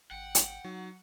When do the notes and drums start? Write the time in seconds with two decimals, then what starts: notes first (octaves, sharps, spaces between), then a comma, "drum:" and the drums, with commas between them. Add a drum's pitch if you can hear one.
0.11 G#1 F#5 G5
0.35 drum: hi-hat
0.64 F#3 D#4